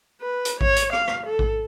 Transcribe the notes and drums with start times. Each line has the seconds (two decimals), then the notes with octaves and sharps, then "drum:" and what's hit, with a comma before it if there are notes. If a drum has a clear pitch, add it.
0.21 B4
0.45 drum: hi-hat
0.61 C#5, drum: kick A1
0.76 drum: hi-hat
0.93 F5, drum: rim click
1.08 drum: rim click
1.26 A4
1.39 drum: kick A1